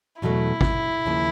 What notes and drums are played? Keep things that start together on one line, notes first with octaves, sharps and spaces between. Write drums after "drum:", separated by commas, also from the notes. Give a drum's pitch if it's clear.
E2 B2 F#3 A3 E4
drum: kick
D#2 C#3 F3 A#3